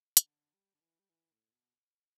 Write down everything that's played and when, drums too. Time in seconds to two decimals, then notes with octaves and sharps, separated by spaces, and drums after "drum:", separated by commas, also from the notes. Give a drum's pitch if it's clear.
0.17 B2, drum: hi-hat
0.25 D3
0.53 G3
0.74 D3
0.81 E3
0.99 G3
1.09 E3
1.32 A2
1.53 B2